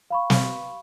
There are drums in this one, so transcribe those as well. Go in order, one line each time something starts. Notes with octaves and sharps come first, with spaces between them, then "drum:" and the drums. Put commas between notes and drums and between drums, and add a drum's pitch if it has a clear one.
F5 B5 C#6
drum: snare